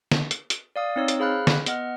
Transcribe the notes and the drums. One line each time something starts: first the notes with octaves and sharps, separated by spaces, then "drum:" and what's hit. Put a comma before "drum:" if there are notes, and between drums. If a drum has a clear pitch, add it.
drum: snare
drum: hi-hat
drum: hi-hat
D5 F5 D#6
C4 D#4 C#5 E6
drum: hi-hat
G#4 C5 F5 B5 F6 F#6
drum: snare
B3 D#5 F#5 F6, drum: hi-hat